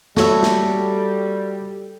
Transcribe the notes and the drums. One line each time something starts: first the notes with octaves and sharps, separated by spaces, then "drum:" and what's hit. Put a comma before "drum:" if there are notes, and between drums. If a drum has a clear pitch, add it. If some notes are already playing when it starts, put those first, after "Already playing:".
G3 F#4 A4 C#5 E5, drum: snare
drum: snare